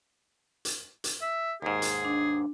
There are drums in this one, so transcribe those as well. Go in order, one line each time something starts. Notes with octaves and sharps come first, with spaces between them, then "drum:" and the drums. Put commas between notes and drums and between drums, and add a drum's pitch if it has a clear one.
drum: hi-hat
drum: hi-hat
E5
D#2 G#2 G#4
drum: hi-hat
D4